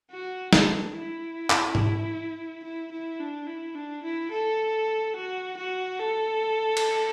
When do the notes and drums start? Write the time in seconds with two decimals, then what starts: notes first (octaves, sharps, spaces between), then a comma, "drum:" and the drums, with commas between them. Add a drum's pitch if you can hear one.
0.11 F#4
0.53 D4, drum: snare
0.96 E4
1.50 drum: clap
1.75 drum: tom G#2
2.64 E4
2.92 E4
3.20 D4
3.47 E4
3.75 D4
4.03 E4
4.31 A4
5.16 F#4
5.58 F#4
6.00 A4
6.77 drum: cymbal